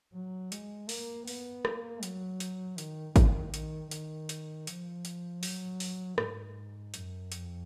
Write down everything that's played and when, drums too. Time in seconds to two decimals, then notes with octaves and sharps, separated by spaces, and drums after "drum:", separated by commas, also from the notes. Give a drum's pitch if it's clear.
0.14 F#3
0.52 G#3, drum: hi-hat
0.89 A#3, drum: open hi-hat
1.28 B3, drum: open hi-hat
1.65 A#3, drum: rim click
2.03 F#3, drum: hi-hat
2.40 drum: hi-hat
2.78 D#3, drum: hi-hat
3.16 D#3, drum: kick G#1, hi-hat
3.54 D#3, drum: hi-hat
3.91 D#3, drum: hi-hat
4.29 drum: hi-hat
4.67 F3, drum: hi-hat
5.05 drum: hi-hat
5.43 F#3, drum: open hi-hat
5.80 drum: open hi-hat
6.18 G#2, drum: rim click
6.94 F#2, drum: hi-hat
7.32 F2, drum: hi-hat